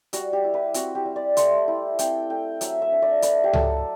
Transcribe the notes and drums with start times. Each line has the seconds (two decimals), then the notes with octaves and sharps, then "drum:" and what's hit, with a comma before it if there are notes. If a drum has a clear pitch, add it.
0.13 G3 F#4, drum: hi-hat
0.33 G4
0.44 E4
0.54 B4
0.74 C4 F#4, drum: hi-hat
0.95 G4
1.05 G3
1.16 D5
1.37 A3 C6, drum: hi-hat
1.68 E4 B5
1.99 C4 G5, drum: hi-hat
2.30 A3 G5
2.61 F#3 E5, drum: hi-hat
2.82 E5
2.92 D4
3.02 D5
3.22 A3 B4, drum: hi-hat
3.44 G4
3.53 F#3 A4, drum: tom C#2